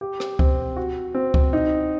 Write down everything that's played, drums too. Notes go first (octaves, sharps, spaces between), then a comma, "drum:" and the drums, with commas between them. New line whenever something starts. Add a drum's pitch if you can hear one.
G4
drum: rim click
C4, drum: kick C#2
F#4
C4
drum: kick C#2
D#4